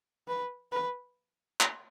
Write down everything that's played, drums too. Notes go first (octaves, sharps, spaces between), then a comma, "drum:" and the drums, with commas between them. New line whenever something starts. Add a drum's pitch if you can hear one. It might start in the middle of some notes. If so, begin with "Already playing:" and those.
B4
B4
drum: clap